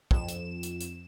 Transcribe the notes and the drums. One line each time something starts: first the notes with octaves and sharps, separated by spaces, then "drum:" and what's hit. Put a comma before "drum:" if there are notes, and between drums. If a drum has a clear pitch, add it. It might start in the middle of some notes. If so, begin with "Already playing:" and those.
F2 E7, drum: kick
drum: hi-hat
drum: hi-hat
drum: hi-hat